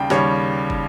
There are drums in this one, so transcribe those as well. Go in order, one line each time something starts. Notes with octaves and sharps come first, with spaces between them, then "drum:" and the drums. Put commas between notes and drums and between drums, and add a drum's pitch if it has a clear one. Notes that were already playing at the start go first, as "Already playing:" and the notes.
Already playing: D#2 C#3 G3 G5
D#2 C#3 G3 C#5, drum: snare
drum: kick